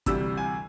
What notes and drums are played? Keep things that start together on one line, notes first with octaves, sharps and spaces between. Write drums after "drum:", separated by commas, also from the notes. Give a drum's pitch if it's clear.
D2 C3 E3 G3 E6, drum: kick, hi-hat
G#5